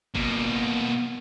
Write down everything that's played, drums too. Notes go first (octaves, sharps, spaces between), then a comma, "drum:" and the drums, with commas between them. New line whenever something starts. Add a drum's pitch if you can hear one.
B2 A#3, drum: kick F#1